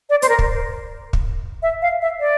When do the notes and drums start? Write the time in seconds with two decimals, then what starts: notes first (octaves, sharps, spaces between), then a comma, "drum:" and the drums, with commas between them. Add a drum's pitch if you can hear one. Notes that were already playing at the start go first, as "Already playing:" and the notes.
0.10 D5
0.22 C5, drum: hi-hat
0.29 A#4
0.39 drum: kick
1.13 drum: kick
1.63 E5
1.82 F5
2.02 E5
2.20 D5